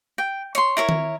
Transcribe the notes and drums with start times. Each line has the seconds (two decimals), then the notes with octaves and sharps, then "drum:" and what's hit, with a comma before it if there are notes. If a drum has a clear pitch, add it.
0.18 G5
0.55 C#5 C6, drum: hi-hat
0.77 E4 A#4 C#5
0.89 drum: tom D#3